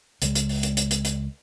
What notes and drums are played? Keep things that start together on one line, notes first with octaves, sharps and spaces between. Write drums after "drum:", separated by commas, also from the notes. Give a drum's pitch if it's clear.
C#2 G#3, drum: hi-hat
drum: hi-hat
drum: open hi-hat
drum: hi-hat
drum: hi-hat
drum: hi-hat
drum: hi-hat